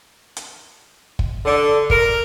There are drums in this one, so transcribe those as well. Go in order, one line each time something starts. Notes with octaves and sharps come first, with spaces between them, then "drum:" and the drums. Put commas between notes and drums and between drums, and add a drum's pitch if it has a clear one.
drum: hi-hat
drum: kick
D3
A#4, drum: kick